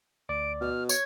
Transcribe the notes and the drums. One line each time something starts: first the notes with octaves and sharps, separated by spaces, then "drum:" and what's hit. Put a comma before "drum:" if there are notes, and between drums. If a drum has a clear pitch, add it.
D2 D5 D7
B2 F6
C#5 C#6 G#6, drum: tambourine